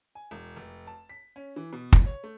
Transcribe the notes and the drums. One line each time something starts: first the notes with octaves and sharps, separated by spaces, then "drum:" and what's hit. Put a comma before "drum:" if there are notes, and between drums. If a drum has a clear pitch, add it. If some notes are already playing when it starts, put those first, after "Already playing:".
G#5
E1
F1
A5
B6
C#4
E3
B2
drum: kick
C#5
A3